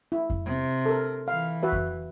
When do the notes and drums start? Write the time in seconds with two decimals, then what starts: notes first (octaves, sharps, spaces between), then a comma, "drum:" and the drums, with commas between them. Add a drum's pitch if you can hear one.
0.12 E4
0.30 drum: kick F2
0.45 C3
0.86 A4 A#4
1.28 E3 F5
1.63 F#4 B4 E5
1.72 drum: kick F2